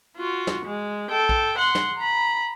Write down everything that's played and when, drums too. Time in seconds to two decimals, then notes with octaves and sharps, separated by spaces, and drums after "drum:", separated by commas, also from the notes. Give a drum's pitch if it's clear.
0.17 F4 F#4
0.47 drum: snare
0.65 G#3
1.10 A4 G5
1.29 drum: kick A#1
1.58 F#5 C6
1.75 drum: snare
1.98 A#5 B5